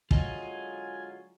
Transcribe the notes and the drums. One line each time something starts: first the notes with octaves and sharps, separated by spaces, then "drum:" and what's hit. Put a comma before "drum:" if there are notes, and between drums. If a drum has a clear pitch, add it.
D3 F#3 G#3 F4 D#5 G#5, drum: kick